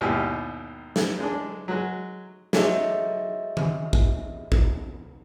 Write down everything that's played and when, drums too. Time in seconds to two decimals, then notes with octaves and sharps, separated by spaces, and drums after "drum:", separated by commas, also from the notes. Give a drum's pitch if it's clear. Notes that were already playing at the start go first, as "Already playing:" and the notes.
0.01 G#1 D#2 B2 E4 G4 F6
0.96 drum: snare
1.20 G#3 D4
1.68 F#3 G#3
2.53 F#4 G#4 C#5 D#5 E5, drum: snare
3.57 drum: tom D#3
3.93 drum: kick
4.52 drum: kick